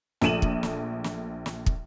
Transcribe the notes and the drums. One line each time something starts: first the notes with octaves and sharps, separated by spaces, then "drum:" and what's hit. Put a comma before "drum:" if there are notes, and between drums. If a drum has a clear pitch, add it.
A#1 F3 A3 D#7 E7 F#7, drum: snare
drum: kick
drum: snare
drum: snare
drum: snare
drum: kick